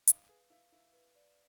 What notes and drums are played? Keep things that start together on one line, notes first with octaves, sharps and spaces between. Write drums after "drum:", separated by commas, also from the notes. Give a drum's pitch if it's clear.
D#4 F5, drum: hi-hat
G#4 B4
E4 F5
E4 F5
B4
D5